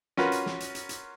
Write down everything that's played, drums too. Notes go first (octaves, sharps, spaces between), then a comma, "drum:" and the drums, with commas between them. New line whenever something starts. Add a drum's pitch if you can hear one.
C#4 F4 F#4 A#4 B4, drum: snare
drum: hi-hat
drum: snare
drum: hi-hat
drum: hi-hat
drum: hi-hat